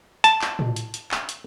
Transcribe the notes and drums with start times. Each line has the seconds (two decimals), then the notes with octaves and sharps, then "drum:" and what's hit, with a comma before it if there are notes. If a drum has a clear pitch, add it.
0.24 A5, drum: hi-hat
0.42 drum: clap
0.59 drum: tom A2
0.76 drum: hi-hat
0.94 drum: hi-hat
1.11 drum: clap
1.29 drum: hi-hat